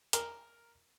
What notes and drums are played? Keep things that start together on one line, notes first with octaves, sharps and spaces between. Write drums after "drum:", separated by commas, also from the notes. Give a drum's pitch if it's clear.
A#4, drum: hi-hat